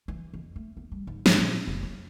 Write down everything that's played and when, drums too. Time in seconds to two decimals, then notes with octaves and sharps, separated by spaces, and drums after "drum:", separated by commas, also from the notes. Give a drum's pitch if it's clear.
0.08 E3
0.34 F2
0.56 A3
0.77 B3
0.92 G3
1.07 G#2
1.26 G#2, drum: snare
1.38 A#2
1.67 F1
1.83 C#4